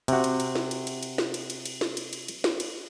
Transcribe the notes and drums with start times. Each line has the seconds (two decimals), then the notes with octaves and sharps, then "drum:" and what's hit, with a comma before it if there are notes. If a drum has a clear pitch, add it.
0.08 C3 F#4, drum: cymbal
0.24 drum: cymbal
0.40 drum: cymbal
0.55 drum: snare
0.71 drum: cymbal
0.87 drum: cymbal
1.03 drum: cymbal
1.18 drum: snare
1.34 drum: cymbal
1.50 drum: cymbal
1.66 drum: cymbal
1.81 drum: snare
1.97 drum: cymbal
2.13 drum: cymbal
2.28 drum: cymbal
2.44 drum: snare
2.60 drum: cymbal